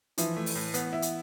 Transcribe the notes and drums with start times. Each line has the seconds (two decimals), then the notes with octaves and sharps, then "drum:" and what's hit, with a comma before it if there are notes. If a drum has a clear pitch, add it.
0.18 E3 F3 E4, drum: hi-hat
0.36 A3
0.46 drum: open hi-hat
0.55 A2
0.74 B3, drum: hi-hat
0.93 E4
1.02 drum: hi-hat